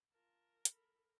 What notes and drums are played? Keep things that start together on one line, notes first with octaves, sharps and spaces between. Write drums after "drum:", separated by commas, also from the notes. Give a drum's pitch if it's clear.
F4 A#4 A5
A4 B5, drum: hi-hat